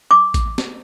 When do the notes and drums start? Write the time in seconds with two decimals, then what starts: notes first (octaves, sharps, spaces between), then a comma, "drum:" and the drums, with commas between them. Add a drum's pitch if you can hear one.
0.11 D6
0.34 drum: kick A1, hi-hat
0.58 drum: snare